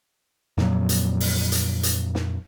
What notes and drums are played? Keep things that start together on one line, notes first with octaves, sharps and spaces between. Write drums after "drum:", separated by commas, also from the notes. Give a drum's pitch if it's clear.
F2 A#2 F#3, drum: snare
drum: hi-hat
drum: open hi-hat
drum: hi-hat
drum: hi-hat
drum: snare